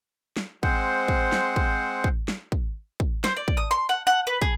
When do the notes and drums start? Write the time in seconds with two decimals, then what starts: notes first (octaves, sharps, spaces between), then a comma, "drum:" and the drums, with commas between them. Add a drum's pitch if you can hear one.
0.37 drum: snare
0.63 G#3 C4 C5 F#5, drum: kick
1.08 drum: kick
1.32 drum: snare
1.56 drum: kick
2.04 drum: kick
2.28 drum: snare
2.52 drum: kick
3.00 drum: kick
3.24 C5, drum: snare
3.37 D5
3.48 drum: kick
3.57 D#6
3.71 C6
3.89 F#5
4.07 F#5
4.27 B4
4.41 G#4, drum: kick